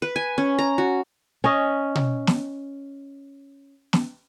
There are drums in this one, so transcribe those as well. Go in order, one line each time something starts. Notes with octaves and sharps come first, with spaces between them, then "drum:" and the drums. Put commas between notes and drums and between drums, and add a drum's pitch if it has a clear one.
B4
G#5
C#4
A#5
F#4
C#4 D#5
drum: tom B2
drum: snare
drum: snare